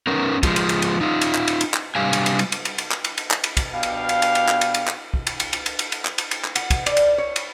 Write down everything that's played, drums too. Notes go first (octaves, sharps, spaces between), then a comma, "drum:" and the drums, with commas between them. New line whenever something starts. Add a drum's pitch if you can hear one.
C#4 D#4 A#4 B4
F3 G#3, drum: kick, cymbal
drum: cymbal
drum: cymbal
drum: cymbal
D#4 F4
drum: cymbal
drum: clap
drum: cymbal
drum: cymbal
drum: clap
C3 G3 D4 G4 F5 G#5
drum: cymbal
drum: cymbal
drum: cymbal
drum: cymbal
drum: cymbal
drum: cymbal
drum: clap
drum: cymbal
drum: cymbal
drum: clap
drum: cymbal
drum: kick, cymbal
B2 D4 G4 F5
drum: cymbal
drum: cymbal
drum: cymbal
drum: cymbal
drum: clap
drum: cymbal
drum: cymbal
drum: clap
drum: kick
drum: cymbal
drum: cymbal
drum: cymbal
drum: cymbal
drum: cymbal
drum: cymbal
drum: clap
drum: cymbal
drum: cymbal
drum: clap
F#5, drum: cymbal
drum: kick, cymbal
D5, drum: cymbal
drum: cymbal
C#5
drum: cymbal